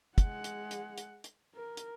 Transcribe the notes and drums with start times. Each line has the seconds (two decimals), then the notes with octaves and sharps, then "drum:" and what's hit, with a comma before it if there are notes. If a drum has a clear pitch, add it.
0.18 G#3 F#5, drum: kick, hi-hat
0.44 drum: hi-hat
0.71 drum: hi-hat
0.98 drum: hi-hat
1.24 drum: hi-hat
1.55 A#4
1.77 drum: hi-hat